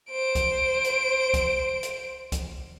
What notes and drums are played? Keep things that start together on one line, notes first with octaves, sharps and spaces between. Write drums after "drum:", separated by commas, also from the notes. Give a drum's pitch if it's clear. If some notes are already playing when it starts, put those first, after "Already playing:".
C5 D7
drum: kick, hi-hat
drum: hi-hat
drum: kick, hi-hat
drum: hi-hat
drum: kick, hi-hat